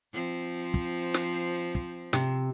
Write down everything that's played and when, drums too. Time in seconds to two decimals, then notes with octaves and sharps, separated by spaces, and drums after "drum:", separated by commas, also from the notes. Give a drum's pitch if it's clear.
0.13 F3 C4
0.74 drum: kick
1.14 drum: snare
1.75 drum: kick
2.13 C3, drum: snare